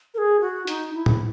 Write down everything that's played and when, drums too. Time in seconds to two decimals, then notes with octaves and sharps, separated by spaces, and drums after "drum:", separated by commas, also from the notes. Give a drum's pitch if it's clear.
0.14 A#4
0.18 G#4
0.41 F#4
0.67 D#4, drum: hi-hat
0.94 E4
1.06 drum: tom